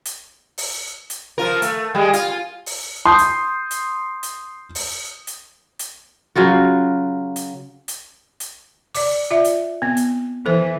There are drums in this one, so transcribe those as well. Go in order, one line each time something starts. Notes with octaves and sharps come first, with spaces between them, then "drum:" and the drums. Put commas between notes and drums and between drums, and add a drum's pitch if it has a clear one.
drum: hi-hat
drum: open hi-hat
drum: hi-hat
F3 F4 A#4
A3, drum: hi-hat
G3 G#3
F4, drum: hi-hat
drum: open hi-hat
C6 D#6 G6 C7
drum: hi-hat
drum: hi-hat
drum: hi-hat
drum: open hi-hat
drum: hi-hat
drum: hi-hat
C#3 F#3 F4 F#4
drum: hi-hat
drum: hi-hat
drum: hi-hat
D5 D6, drum: open hi-hat
F4 D5 E5
drum: hi-hat
B3 C4
drum: hi-hat
E3 A4 C5